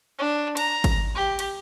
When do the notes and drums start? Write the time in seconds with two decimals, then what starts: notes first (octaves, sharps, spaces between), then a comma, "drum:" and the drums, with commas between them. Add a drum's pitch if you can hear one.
0.18 D4
0.57 A#5, drum: cymbal
0.84 drum: kick G#1, cymbal
1.15 G4
1.39 drum: cymbal